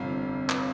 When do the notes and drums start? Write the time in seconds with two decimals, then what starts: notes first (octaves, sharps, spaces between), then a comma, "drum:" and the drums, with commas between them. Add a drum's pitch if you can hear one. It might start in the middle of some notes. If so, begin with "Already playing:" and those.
Already playing: G1 F2 C3 F5
0.50 drum: clap